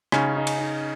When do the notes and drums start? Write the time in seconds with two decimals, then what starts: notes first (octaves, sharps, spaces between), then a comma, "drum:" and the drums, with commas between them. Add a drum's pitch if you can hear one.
0.12 C#3 C#4 D#4, drum: rim click
0.36 D#4
0.47 drum: cymbal
0.58 D#4